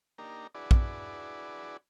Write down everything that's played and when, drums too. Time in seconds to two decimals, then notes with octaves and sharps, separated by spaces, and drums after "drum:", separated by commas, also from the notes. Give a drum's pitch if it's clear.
0.18 A#3 D4 D#4 G4 A#4
0.55 D4 E4 F#4 G#4 B4 D5
0.71 drum: kick